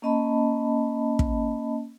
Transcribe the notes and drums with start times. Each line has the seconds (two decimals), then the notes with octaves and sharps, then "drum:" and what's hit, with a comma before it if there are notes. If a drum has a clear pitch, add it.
0.02 A#3 C#4 D#5 A5 B5
1.19 drum: kick